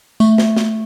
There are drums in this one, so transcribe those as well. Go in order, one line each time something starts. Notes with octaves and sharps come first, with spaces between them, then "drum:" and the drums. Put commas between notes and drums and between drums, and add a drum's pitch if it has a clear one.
A3, drum: tambourine
drum: snare
drum: snare